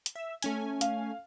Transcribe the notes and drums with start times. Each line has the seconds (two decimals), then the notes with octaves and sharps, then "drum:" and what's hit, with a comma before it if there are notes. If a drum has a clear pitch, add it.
0.06 drum: hi-hat
0.15 E5
0.42 A3 C#4 G#5, drum: hi-hat
0.81 F5, drum: hi-hat